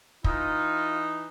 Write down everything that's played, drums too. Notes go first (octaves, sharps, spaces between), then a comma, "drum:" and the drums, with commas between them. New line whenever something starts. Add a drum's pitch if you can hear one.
E3 D#4 F4, drum: kick